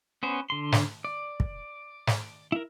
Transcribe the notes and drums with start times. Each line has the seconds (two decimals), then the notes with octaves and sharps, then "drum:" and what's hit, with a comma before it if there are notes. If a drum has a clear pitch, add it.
0.23 B3 C#4 C5
0.50 D3 C6
0.72 drum: snare
1.05 D5
1.40 drum: kick
2.07 drum: snare
2.52 E4 A#4